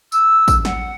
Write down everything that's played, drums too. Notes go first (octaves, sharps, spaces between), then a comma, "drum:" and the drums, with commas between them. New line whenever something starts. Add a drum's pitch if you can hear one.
E6, drum: tambourine
drum: kick A1, tambourine
F#5, drum: snare